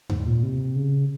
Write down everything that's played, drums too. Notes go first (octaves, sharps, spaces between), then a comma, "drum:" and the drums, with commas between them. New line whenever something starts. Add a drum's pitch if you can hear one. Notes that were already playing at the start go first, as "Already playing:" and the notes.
G#2, drum: tom D#2
A#2
C3
C#3